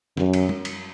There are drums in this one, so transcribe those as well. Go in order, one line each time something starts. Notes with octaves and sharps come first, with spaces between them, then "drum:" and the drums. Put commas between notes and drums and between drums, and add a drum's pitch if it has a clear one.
F#2, drum: snare
drum: cymbal
drum: tom G3
drum: cymbal